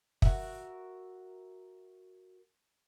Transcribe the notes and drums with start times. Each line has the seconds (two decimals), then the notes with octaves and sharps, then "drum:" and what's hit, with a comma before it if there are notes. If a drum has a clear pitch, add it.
0.22 F#4 A#4 E5, drum: kick